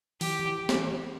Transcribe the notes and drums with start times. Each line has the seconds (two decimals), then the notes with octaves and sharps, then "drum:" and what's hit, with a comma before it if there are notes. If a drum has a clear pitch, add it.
0.21 E3 G4, drum: open hi-hat
0.39 E3
0.69 drum: snare